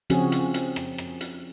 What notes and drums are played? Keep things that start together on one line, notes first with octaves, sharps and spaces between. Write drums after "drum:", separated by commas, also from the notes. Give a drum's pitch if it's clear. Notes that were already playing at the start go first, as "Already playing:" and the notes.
C#3 F3 C4 C#4 F#4 G#4, drum: hi-hat
drum: hi-hat
drum: hi-hat
drum: rim click
drum: rim click
drum: hi-hat